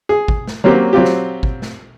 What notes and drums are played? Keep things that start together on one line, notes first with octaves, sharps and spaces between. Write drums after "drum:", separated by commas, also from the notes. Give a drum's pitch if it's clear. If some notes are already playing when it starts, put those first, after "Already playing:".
G#4
drum: kick
drum: snare
F#3 A#3 C4 C#4 G4
F#3 C4 F4 G4
drum: snare
drum: kick
drum: snare